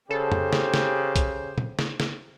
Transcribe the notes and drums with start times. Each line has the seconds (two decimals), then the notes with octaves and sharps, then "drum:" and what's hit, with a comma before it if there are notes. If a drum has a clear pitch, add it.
0.11 C#3 G4 A4 C5
0.32 drum: tom F2
0.53 drum: snare
0.74 drum: snare
1.16 drum: kick B1, hi-hat
1.58 drum: tom
1.79 drum: snare
2.00 drum: snare